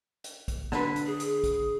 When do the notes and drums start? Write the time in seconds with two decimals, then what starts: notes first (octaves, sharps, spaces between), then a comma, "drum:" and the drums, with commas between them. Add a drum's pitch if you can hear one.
0.24 drum: hi-hat
0.48 drum: kick, hi-hat
0.72 D3 B4, drum: snare
0.96 drum: hi-hat
1.06 G#4
1.20 drum: hi-hat
1.44 drum: kick, hi-hat